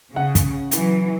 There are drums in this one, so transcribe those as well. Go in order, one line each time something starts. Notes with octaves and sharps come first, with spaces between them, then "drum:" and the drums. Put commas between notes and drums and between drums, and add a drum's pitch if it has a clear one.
C#3 F#5
drum: kick, hi-hat
E3 F#3, drum: hi-hat